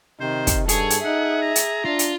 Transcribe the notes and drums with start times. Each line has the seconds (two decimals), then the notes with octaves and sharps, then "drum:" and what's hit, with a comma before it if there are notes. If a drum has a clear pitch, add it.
0.21 C3 D#3 C5
0.47 drum: kick, hi-hat
0.69 G2 G#4 A4 C#5, drum: hi-hat
0.90 drum: hi-hat
1.04 D#4 E5 F#5
1.42 A#5
1.56 drum: hi-hat
1.85 D4 F4
1.99 drum: hi-hat